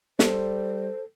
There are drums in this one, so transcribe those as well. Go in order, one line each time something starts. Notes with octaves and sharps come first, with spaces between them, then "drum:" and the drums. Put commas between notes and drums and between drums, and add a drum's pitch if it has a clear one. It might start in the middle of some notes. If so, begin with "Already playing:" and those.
G3 A4 C5, drum: snare